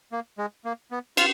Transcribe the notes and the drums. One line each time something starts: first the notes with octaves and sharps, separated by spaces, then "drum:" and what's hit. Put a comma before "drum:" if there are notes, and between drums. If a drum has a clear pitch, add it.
A#3
G#3
A#3
B3
F4, drum: cymbal